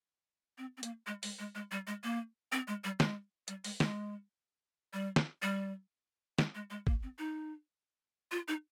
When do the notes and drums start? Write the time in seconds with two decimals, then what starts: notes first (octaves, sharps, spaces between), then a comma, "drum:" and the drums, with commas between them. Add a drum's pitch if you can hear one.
0.58 C4
0.77 C4
0.83 A#3, drum: hi-hat
1.07 G#3
1.23 G#3, drum: open hi-hat
1.39 G#3
1.55 G#3
1.71 G3
1.87 G#3
2.04 A#3
2.52 C4
2.68 G#3
2.84 G3
3.00 G#3, drum: snare
3.48 G3, drum: hi-hat
3.64 G#3, drum: open hi-hat
3.80 G#3, drum: snare
4.93 G3
5.16 drum: snare
5.42 G3
6.39 G#3, drum: snare
6.55 G#3
6.70 G#3
6.87 A#3, drum: kick
7.03 C4
7.19 D#4
8.31 F4
8.48 D#4